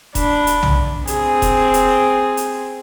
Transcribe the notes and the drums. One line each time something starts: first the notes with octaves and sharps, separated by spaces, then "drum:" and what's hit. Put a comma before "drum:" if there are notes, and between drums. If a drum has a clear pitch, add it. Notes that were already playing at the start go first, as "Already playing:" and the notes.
D4 B5, drum: kick E1, hi-hat
drum: hi-hat
drum: tom B1
C4 G#4, drum: hi-hat
drum: kick E1, hi-hat
drum: hi-hat
drum: hi-hat